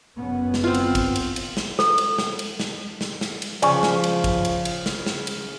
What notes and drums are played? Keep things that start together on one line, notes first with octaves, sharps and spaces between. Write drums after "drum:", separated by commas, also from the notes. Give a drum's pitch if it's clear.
F#1 B3 C#4
drum: snare
C4 F4
drum: cymbal
drum: kick, cymbal
drum: cymbal
drum: cymbal
drum: snare
A4, drum: snare
drum: cymbal
drum: snare
drum: cymbal
drum: snare
drum: snare
drum: snare
drum: cymbal
C#3 F3 D5 G#5 C#6, drum: cymbal
drum: snare
drum: cymbal
drum: kick, cymbal
drum: cymbal
drum: cymbal
drum: snare
drum: snare
drum: cymbal